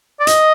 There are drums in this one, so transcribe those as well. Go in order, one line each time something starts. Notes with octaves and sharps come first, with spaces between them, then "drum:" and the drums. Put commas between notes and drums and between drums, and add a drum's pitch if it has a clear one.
D5
D#5, drum: hi-hat